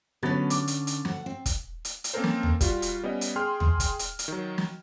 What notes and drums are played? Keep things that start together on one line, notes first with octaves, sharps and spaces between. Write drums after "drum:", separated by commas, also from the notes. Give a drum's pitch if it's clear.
D3 F#3 B3 C#4 A6
D6, drum: hi-hat
drum: hi-hat
drum: hi-hat
D2 F#5, drum: snare
C4
drum: kick, hi-hat
drum: hi-hat
drum: hi-hat
A#3 C4 C#4 A4 A#4 C5
drum: snare
drum: tom
G3 F4 F#4, drum: kick, hi-hat
drum: hi-hat
G3 B3 C#4 D#5
drum: hi-hat
G#4 G5 C6 F6
drum: tom
drum: kick, hi-hat
drum: hi-hat
drum: hi-hat
D#3 F#3
drum: snare